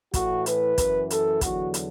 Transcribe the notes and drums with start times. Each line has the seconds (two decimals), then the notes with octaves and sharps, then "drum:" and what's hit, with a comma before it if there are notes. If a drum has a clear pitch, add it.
0.14 A2 E3 F#4, drum: kick, hi-hat
0.46 B4, drum: hi-hat
0.78 F#2 E3, drum: kick, hi-hat
1.10 A4, drum: hi-hat
1.41 E2 D3 F#3 F#4, drum: kick, hi-hat
1.74 drum: hi-hat